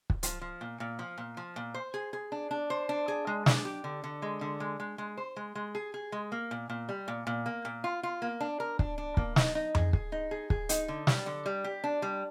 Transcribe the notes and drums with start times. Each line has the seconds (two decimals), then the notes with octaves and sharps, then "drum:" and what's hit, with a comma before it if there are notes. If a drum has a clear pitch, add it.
0.10 drum: kick
0.23 F3, drum: hi-hat
0.41 F3
0.61 A#2
0.80 A#2
0.99 F3
1.18 A#2
1.37 F3
1.56 A#2
1.74 C5
1.94 G#4
2.13 G#4
2.32 D4
2.51 D4
2.70 C5
2.89 D4
3.08 G#4
3.27 G#3
3.46 D4, drum: snare
3.65 G4
3.84 D3
4.04 D3
4.22 G#3
4.41 D3
4.60 G#3
4.80 G#3
4.98 G#3
5.17 C5
5.36 G#3
5.55 G#3
5.75 G#4
5.94 G#4
6.12 G#3
6.32 A#3
6.51 A#2
6.70 A#2
6.89 G3
7.08 A#2
7.27 A#2
7.46 A#3
7.65 A#2
7.84 F4
8.03 F4
8.22 A#3
8.41 D4
8.60 A#4
8.79 D4, drum: kick
8.98 D4
9.17 A#3, drum: kick
9.36 D#4, drum: snare
9.55 D#4
9.75 G#4, drum: tom F2
9.93 G#4, drum: kick
10.12 D#4
10.31 G#4
10.50 G#4, drum: kick
10.69 D#4, drum: hi-hat
10.88 D3
11.07 G3, drum: snare
11.26 D3
11.46 G3
11.64 G4
11.84 D4
12.02 G3